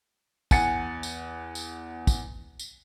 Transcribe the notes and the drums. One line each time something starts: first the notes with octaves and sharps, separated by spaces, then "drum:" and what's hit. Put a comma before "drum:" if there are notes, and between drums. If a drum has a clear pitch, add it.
E2 F#5 G#5 A6 C#7, drum: kick, tambourine
drum: tambourine
drum: tambourine
drum: kick, tambourine
drum: tambourine